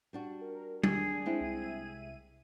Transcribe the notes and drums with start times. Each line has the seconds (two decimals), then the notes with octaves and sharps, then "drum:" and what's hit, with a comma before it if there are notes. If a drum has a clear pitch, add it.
0.13 G3 D4 F#4
0.41 A#4
0.83 G4 G#4 E6, drum: tom G3
0.97 D4
1.26 G#3 C4 E4
1.40 C2 E5 D#7